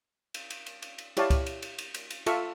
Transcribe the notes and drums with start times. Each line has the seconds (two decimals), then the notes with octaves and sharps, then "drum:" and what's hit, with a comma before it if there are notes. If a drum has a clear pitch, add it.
0.34 drum: cymbal
0.50 drum: cymbal
0.66 drum: cymbal
0.82 drum: cymbal
0.98 drum: cymbal
1.17 E4 G4 C#5 D5 F5 A5, drum: cymbal
1.30 drum: kick C#2, cymbal
1.46 drum: cymbal
1.62 drum: cymbal
1.78 drum: cymbal
1.94 drum: cymbal
2.10 drum: cymbal
2.26 F4 A4 E5 F5 C#6, drum: cymbal